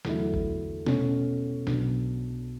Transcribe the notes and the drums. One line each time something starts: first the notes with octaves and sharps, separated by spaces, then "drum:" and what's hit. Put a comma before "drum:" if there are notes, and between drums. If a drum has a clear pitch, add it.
E2 D3 F#3 A3 E4, drum: snare
drum: kick G#1
B2 A3 C#4, drum: snare
B1 B2 F#3 B3 D4, drum: snare